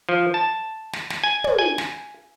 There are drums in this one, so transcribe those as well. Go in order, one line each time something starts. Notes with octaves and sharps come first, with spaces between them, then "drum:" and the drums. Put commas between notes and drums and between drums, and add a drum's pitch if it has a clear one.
F3
A5
drum: snare
drum: snare
G#5
drum: tom
G#5
drum: snare